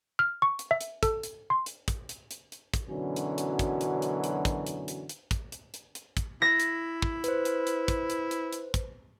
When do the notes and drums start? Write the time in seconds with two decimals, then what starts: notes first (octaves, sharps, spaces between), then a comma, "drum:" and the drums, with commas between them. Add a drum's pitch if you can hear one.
0.19 F6
0.42 C#6
0.59 drum: hi-hat
0.71 E5
0.81 drum: hi-hat
1.03 A4, drum: kick, hi-hat
1.23 drum: hi-hat
1.50 C6
1.66 drum: hi-hat
1.88 drum: kick, hi-hat
2.09 drum: hi-hat
2.31 drum: hi-hat
2.52 drum: hi-hat
2.74 drum: kick, hi-hat
2.89 F#2 B2 D3 E3 F#3 C#4
3.16 drum: hi-hat
3.38 drum: hi-hat
3.59 drum: kick, hi-hat
3.81 drum: hi-hat
4.02 drum: hi-hat
4.24 drum: hi-hat
4.45 drum: kick, hi-hat
4.67 drum: hi-hat
4.88 drum: hi-hat
5.09 drum: hi-hat
5.31 drum: kick, hi-hat
5.52 drum: hi-hat
5.74 drum: hi-hat
5.95 drum: hi-hat
6.17 drum: kick, hi-hat
6.42 E4 A#6
6.60 drum: hi-hat
7.02 drum: kick
7.24 B4 C5, drum: hi-hat
7.45 drum: hi-hat
7.67 drum: hi-hat
7.88 drum: kick, hi-hat
8.10 drum: hi-hat
8.31 drum: hi-hat
8.53 drum: hi-hat
8.74 drum: kick, hi-hat